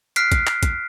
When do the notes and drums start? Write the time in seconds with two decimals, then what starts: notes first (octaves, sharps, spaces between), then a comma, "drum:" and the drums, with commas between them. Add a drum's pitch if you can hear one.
0.16 F6 F#6 B6 C7 D7, drum: hi-hat
0.32 drum: kick, hi-hat
0.47 drum: clap
0.63 drum: kick, hi-hat